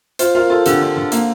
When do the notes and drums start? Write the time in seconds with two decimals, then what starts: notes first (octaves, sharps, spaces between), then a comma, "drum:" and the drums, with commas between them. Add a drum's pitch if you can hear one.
0.19 F4 C5, drum: hi-hat
0.35 F4 A#4
0.50 F4 A4
0.66 D3 G4, drum: hi-hat
0.81 D3
0.97 D3
1.12 A#3, drum: hi-hat